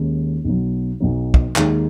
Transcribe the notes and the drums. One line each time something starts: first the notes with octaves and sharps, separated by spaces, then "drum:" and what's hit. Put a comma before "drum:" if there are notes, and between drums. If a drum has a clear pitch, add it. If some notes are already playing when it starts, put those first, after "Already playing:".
Already playing: D#2 D#3 G#3 C#4
B1 B2 F#3
B1 B2 F#3
drum: kick
D#2 D#3 G#3, drum: clap